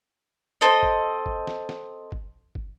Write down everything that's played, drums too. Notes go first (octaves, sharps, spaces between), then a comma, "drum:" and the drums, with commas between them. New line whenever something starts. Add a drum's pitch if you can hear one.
C4 A4 D#5
drum: kick
drum: kick
drum: snare
drum: snare
drum: kick
drum: kick